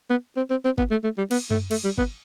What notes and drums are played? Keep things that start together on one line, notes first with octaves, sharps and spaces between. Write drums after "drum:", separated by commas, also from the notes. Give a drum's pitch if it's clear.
B3
C4
C4
C4
B3, drum: kick G1
A3
A3
G3
B3, drum: cymbal
A3, drum: tom F#2
A3, drum: cymbal
G3
B3, drum: kick G1